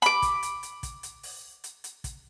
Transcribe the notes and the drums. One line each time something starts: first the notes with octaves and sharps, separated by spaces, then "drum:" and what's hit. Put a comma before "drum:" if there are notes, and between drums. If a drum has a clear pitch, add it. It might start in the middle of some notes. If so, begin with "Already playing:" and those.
B5 D6, drum: hi-hat
drum: kick, hi-hat
drum: hi-hat
drum: hi-hat
drum: kick, hi-hat
drum: hi-hat
drum: open hi-hat
drum: hi-hat
drum: hi-hat
drum: kick, hi-hat